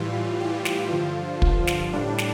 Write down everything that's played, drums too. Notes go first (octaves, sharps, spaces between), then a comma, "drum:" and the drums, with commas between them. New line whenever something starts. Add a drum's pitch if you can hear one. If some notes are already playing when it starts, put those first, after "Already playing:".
Already playing: A2 E3 G3 F4
G4
drum: snare
G2 D3 F3 F4
drum: kick
drum: snare
A2 G3 D4
drum: snare